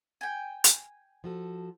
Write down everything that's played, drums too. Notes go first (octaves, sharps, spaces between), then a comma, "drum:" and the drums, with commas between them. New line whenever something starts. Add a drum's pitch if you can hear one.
G5 G#5
drum: hi-hat
F3 F#4 A4